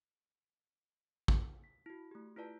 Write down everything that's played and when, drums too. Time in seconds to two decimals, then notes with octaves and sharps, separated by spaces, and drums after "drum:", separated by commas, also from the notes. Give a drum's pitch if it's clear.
1.28 drum: kick
1.64 B6
1.86 E4 F#4
2.11 A3 G4
2.36 E4 F4 B4 D5 A5